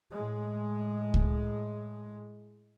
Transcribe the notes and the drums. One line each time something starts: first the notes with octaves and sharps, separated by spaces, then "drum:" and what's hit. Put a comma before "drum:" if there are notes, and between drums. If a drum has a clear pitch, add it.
A2 G#3
drum: kick C#2